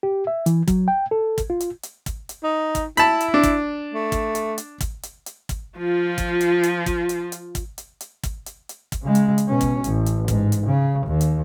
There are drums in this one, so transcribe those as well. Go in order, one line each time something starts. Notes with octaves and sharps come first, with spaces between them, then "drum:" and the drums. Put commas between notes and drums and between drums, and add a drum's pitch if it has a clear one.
G4
E5
E3, drum: hi-hat
F#3, drum: kick, hi-hat
G5
A4
drum: kick, hi-hat
F4
drum: hi-hat
drum: hi-hat
drum: kick, hi-hat
drum: hi-hat
D#4
drum: kick, hi-hat
E4 A5 B5, drum: hi-hat
drum: hi-hat
D4
drum: kick, hi-hat
A3
drum: kick, hi-hat
drum: hi-hat
drum: hi-hat
drum: kick, hi-hat
drum: hi-hat
drum: hi-hat
drum: kick, hi-hat
F3 F4
drum: kick, hi-hat
drum: hi-hat
drum: hi-hat
drum: kick, hi-hat
drum: hi-hat
drum: hi-hat
drum: kick, hi-hat
drum: hi-hat
drum: hi-hat
drum: kick, hi-hat
drum: hi-hat
drum: hi-hat
drum: kick, hi-hat
C#3 G#3
drum: hi-hat
drum: hi-hat
B2 C#4
drum: kick, hi-hat
A1, drum: hi-hat
drum: hi-hat
G#2, drum: kick, hi-hat
drum: hi-hat
C#3
D#2
drum: hi-hat